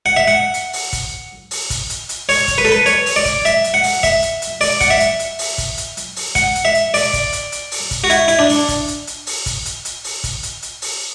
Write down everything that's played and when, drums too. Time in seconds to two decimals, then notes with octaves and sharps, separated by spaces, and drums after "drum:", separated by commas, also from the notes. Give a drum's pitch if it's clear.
0.06 F#5
0.16 E5
0.28 F#5
0.54 drum: hi-hat
0.73 drum: open hi-hat
0.93 drum: kick, hi-hat
1.51 drum: open hi-hat
1.70 drum: kick, hi-hat
1.90 drum: hi-hat
2.09 drum: hi-hat
2.29 C#5, drum: open hi-hat
2.48 drum: kick, hi-hat
2.58 B4
2.65 A4
2.72 B4
2.86 C#5, drum: hi-hat
3.06 drum: open hi-hat
3.16 D5
3.25 drum: kick, hi-hat
3.45 E5, drum: hi-hat
3.64 drum: hi-hat
3.74 F#5
3.84 drum: open hi-hat
4.03 E5, drum: kick, hi-hat
4.22 drum: hi-hat
4.42 drum: hi-hat
4.61 D5, drum: open hi-hat
4.81 F#5, drum: kick, hi-hat
4.90 E5
5.00 drum: hi-hat
5.19 drum: hi-hat
5.39 drum: open hi-hat
5.58 drum: kick, hi-hat
5.78 drum: hi-hat
5.97 drum: hi-hat
6.16 drum: open hi-hat
6.35 F#5, drum: kick, hi-hat
6.55 drum: hi-hat
6.65 E5
6.75 drum: hi-hat
6.94 D5, drum: open hi-hat
7.13 drum: kick, hi-hat
7.33 drum: hi-hat
7.52 drum: hi-hat
7.71 drum: open hi-hat
7.91 drum: kick, hi-hat
8.04 F#4
8.10 E4, drum: hi-hat
8.28 E4, drum: hi-hat
8.39 D4
8.49 drum: open hi-hat
8.68 drum: kick, hi-hat
8.88 drum: hi-hat
9.07 drum: hi-hat
9.27 drum: open hi-hat
9.46 drum: kick, hi-hat
9.65 drum: hi-hat
9.85 drum: hi-hat
10.04 drum: open hi-hat
10.24 drum: kick, hi-hat
10.43 drum: hi-hat
10.62 drum: hi-hat
10.82 drum: open hi-hat